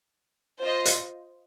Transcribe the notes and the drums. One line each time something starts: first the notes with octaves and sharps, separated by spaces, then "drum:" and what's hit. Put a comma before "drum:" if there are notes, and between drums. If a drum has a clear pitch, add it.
F4 C5 D#5
drum: hi-hat